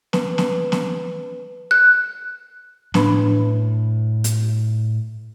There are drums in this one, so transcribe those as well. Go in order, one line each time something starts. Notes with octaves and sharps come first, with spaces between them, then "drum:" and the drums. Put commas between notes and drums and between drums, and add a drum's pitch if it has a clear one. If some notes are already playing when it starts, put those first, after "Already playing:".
B4, drum: snare
drum: snare
drum: snare
F#6
A2 D4 B4 B5, drum: snare
drum: hi-hat